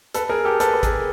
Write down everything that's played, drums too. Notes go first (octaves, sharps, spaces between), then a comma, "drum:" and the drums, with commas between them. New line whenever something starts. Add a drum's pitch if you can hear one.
A4 B4, drum: hi-hat
G#4 A#4
G4 A4
A4 B4, drum: hi-hat
B4
G#4 A#4, drum: kick, hi-hat